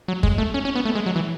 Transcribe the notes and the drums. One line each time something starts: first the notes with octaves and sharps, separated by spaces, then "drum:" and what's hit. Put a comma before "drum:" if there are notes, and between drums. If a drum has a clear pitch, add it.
F#3
G#3, drum: kick
A3
C#4
C#4
B3
A3
G#3
F#3
E3